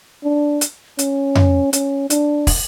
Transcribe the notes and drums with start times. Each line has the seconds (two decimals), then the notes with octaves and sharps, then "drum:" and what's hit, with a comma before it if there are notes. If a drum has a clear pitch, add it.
0.24 D4
0.61 drum: hi-hat
0.99 C#4, drum: hi-hat
1.35 drum: tom F2
1.73 C#4, drum: hi-hat
2.10 D4, drum: hi-hat
2.47 drum: kick, open hi-hat